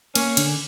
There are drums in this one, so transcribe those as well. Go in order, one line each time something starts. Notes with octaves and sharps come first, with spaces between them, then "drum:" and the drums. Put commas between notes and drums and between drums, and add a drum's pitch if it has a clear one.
A#3 C#4, drum: cymbal
D3, drum: cymbal